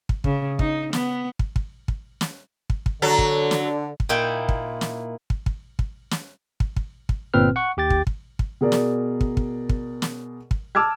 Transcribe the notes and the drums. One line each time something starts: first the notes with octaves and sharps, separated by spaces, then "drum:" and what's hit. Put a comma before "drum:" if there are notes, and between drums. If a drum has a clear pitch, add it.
drum: kick
C#3, drum: kick
D#4, drum: kick
B3, drum: snare
drum: kick
drum: kick
drum: kick
drum: snare
drum: kick
drum: kick
D3 F#3 A4
drum: kick
drum: snare
drum: kick
A#2 A#3 D#4 E4 G5
drum: kick
drum: snare
drum: kick
drum: kick
drum: kick
drum: snare
drum: kick
drum: kick
drum: kick
G1 A#2 C4 B4 F6
F#5 C#6
D#2 G4 G5 A6
drum: kick
drum: kick
drum: kick
B2 G#4 A#4 D5
drum: snare
drum: kick
drum: kick
drum: kick
drum: snare
drum: kick
A5 D6 E6 F6 G#6